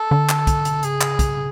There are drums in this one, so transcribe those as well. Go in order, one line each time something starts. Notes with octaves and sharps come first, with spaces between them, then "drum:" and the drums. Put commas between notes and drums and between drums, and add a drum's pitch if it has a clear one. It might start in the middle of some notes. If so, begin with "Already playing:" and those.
Already playing: A4
D3
drum: clap
drum: kick, hi-hat
drum: hi-hat
C#3 G#4, drum: hi-hat
drum: clap
drum: kick, hi-hat